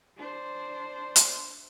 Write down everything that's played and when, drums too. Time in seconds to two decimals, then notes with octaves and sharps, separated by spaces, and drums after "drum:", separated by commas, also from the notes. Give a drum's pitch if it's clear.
0.17 D4 C5
1.16 drum: hi-hat